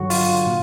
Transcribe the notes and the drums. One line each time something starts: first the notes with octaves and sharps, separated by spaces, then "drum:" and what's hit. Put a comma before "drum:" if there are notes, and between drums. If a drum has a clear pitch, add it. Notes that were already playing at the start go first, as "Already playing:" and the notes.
Already playing: G2 D3 F#3 F#4
F4, drum: open hi-hat
A#2